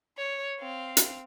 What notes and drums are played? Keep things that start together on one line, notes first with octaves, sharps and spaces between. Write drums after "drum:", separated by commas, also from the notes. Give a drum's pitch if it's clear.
C#5
C4 F5
drum: hi-hat